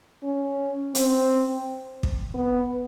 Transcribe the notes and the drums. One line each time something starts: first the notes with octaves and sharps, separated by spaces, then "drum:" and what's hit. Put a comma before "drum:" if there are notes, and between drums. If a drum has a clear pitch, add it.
C#4
C4, drum: hi-hat
drum: kick
B3